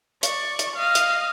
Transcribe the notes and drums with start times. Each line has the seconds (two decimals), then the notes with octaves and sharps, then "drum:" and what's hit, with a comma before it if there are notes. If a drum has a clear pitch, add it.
0.23 D5 C#6, drum: hi-hat
0.59 drum: hi-hat
0.76 D#5 F5
0.95 drum: hi-hat